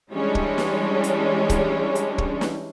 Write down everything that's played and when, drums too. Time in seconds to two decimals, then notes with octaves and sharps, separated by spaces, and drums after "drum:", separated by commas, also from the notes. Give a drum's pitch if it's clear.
0.12 E3 G3 G#3 C#4 D4
0.35 drum: kick
0.58 drum: snare
1.04 drum: hi-hat
1.50 drum: kick, hi-hat
1.95 drum: hi-hat
2.18 drum: kick
2.41 drum: snare